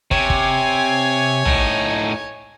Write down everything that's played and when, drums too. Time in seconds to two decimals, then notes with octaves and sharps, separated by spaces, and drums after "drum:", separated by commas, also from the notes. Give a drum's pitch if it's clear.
0.11 C3 C#5 G#5, drum: kick
0.30 drum: kick
1.46 A2 D#4, drum: tom A#1